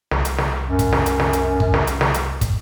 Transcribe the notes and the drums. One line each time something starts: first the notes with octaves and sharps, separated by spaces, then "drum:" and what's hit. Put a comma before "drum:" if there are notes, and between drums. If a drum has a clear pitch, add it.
C2, drum: snare
drum: hi-hat
drum: snare
F#2
drum: kick, hi-hat
drum: snare
drum: hi-hat
drum: snare
drum: hi-hat
drum: kick
drum: snare
drum: hi-hat
drum: snare
drum: hi-hat
drum: kick, hi-hat